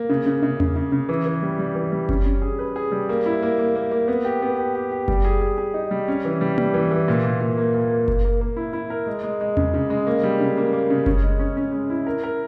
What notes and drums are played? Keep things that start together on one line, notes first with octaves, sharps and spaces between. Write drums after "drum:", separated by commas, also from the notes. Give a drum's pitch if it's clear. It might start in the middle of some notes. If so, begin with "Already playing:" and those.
Already playing: A#3
C#3
C#3
C#3
C#3, drum: tom E2
C#3
C#3
E3
E3
G3
G3
E3
G3
C#4, drum: kick F#1
C#4
G#4
B4
G#4
G3
A#3
E4
A#3
A#3
A#3
A#3
B3
G4
B3
G4
G4
G4
G3, drum: kick F#1
G#4
G#4
G#4
D#4
G3
C#4
E3
G3
G3, drum: tom A#3
E3
E3
A#2
A#2
A#2
A#3
A#2
A#3
A#3, drum: kick F#1
A#3
A#3
E4
E4
A#4
G#3
G#3
G#3
C#3, drum: tom E2
C#3
G#3
A#3
G3
C#3
A#3
A#3
C#3
C#4, drum: kick F#1
G#3
C#4
C#4
G#3
E4
A#4
A#4